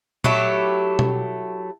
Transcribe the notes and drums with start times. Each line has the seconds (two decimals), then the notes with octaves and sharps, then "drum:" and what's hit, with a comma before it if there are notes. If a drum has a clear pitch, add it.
0.24 F#3 A3 E4 G4, drum: tom A#2
0.99 drum: tom B2